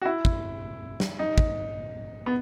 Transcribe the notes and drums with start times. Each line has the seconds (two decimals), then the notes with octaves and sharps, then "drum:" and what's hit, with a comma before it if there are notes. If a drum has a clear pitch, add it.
0.02 F#4
0.06 E4
0.25 drum: kick
1.00 drum: snare
1.19 D#4
1.38 drum: kick
2.26 B3